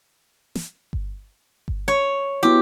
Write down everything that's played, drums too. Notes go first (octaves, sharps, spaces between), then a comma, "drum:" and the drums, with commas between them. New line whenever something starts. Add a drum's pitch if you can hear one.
drum: snare
drum: kick G1
drum: kick G1
C#5
B3 E4 F#4 G4